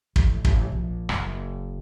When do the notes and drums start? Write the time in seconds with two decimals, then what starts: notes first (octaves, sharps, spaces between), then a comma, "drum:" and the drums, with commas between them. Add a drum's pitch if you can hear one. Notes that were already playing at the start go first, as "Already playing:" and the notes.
0.16 A1, drum: kick
0.45 A1, drum: kick
0.72 A#1
1.09 F#1, drum: rim click